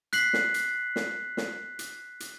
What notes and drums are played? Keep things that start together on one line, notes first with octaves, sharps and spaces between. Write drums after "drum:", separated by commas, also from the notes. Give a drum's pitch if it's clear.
F#6 B6 C7 F#7, drum: hi-hat
drum: snare
drum: hi-hat
drum: snare
drum: snare
drum: hi-hat
drum: hi-hat